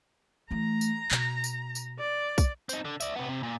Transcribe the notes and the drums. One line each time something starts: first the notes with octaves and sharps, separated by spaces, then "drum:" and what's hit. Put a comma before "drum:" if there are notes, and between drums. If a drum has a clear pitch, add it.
E3 A3 A#5
drum: tambourine
B2, drum: clap
drum: tambourine
drum: tambourine
D5
drum: kick B1, tambourine
C4 D#4, drum: tambourine
D3
D5 E5, drum: tambourine
C3 B3
C3
A#2